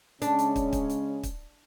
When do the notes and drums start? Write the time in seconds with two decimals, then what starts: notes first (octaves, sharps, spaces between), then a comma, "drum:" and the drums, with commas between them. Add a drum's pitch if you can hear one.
0.22 C#3 G#3 C#4 D4, drum: hi-hat
0.39 drum: hi-hat
0.56 drum: kick, hi-hat
0.73 drum: kick, hi-hat
0.90 drum: hi-hat
1.23 drum: kick, hi-hat